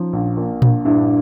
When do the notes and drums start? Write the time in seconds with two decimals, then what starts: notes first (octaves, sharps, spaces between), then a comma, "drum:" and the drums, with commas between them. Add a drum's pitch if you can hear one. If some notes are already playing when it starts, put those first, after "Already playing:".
Already playing: F3 C#4 D#4
0.13 A#1
0.37 A#2
0.62 A#1, drum: tom A#2
0.85 G2 D4 E4